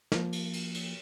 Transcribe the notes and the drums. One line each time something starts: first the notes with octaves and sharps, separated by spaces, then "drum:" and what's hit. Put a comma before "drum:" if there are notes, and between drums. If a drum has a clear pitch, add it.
F3 A#3, drum: snare
drum: cymbal
drum: cymbal
drum: cymbal